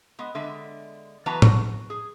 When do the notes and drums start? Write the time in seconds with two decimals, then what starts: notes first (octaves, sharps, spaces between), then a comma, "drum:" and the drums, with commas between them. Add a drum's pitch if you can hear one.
0.19 G#3 B3
0.35 D3 G#3 E5
1.26 E3 F#3 B3 B4 A5 A#5
1.42 F#4, drum: tom
1.90 G#4